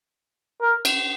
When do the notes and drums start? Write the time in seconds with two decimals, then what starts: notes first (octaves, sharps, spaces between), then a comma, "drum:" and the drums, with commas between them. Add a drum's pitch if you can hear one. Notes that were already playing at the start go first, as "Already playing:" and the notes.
0.62 A#4
0.85 drum: cymbal